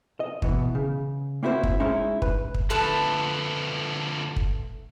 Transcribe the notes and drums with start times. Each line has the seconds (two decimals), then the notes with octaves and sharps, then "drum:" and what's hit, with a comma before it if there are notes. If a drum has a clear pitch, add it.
0.20 D#5
0.42 B2 E3 B3, drum: kick
0.75 C#3
1.43 A#3 C4 E4 F#4 G#4 C5
1.63 drum: kick
1.80 G#3 C#4 D#4 E4
2.22 B4, drum: kick
2.54 drum: kick
2.70 D3 F3 A3 A4 B4
4.36 drum: kick